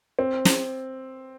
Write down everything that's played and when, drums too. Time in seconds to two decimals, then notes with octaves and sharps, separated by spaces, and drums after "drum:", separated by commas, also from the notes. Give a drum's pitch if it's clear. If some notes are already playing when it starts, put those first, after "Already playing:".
0.19 C4
0.45 drum: snare